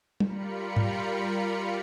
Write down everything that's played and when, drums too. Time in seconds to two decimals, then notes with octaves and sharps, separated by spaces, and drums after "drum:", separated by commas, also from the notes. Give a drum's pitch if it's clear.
0.20 G3 F4 A#4 B5 C#7, drum: tom
0.76 drum: tom G#2